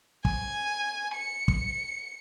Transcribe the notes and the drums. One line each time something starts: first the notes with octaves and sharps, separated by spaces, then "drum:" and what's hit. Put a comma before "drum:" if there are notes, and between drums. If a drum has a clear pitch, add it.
G#5, drum: kick
C#7
drum: kick